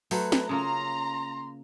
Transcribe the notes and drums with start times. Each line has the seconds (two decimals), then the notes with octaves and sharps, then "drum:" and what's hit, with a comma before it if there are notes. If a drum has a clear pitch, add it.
0.11 F#3 A3 B4 C5, drum: open hi-hat
0.32 drum: snare
0.49 C#3 A#3 F4 A#5 C6